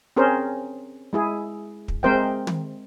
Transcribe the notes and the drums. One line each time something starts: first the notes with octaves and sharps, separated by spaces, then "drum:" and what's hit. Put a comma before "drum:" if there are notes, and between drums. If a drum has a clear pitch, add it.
C4 C#4 G#4 A#4 C5
G#3 E4 G#4
drum: kick
G#3 C4 A#4 C5 E5 G5
drum: tom